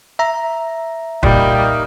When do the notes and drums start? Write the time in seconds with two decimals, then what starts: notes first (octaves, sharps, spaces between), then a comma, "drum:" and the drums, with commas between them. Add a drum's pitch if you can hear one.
0.19 E5 A#5
1.23 A#2 G3 A#3 D#4, drum: kick